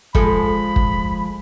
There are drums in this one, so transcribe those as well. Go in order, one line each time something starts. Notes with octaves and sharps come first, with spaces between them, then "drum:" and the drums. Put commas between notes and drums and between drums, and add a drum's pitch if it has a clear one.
F3 G#3 A4 B5, drum: kick
drum: kick